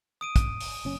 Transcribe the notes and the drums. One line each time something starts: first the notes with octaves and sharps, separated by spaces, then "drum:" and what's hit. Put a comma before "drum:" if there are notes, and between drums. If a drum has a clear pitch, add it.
D#6 D7 D#7
drum: kick, hi-hat
drum: open hi-hat
F#1 C#4